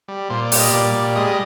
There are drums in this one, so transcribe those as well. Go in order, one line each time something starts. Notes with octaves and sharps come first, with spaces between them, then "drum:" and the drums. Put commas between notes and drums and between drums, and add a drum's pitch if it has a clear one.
G3
A#2 C5
D5
G3, drum: open hi-hat
D#5
A#2 D5
G3
G#3 D#5
D#5